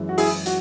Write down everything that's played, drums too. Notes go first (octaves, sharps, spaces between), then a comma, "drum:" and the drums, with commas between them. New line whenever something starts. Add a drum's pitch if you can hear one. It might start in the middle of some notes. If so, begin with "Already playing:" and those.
Already playing: F#2 E3 G#3
F#4
E4 G#4, drum: open hi-hat
F#4, drum: hi-hat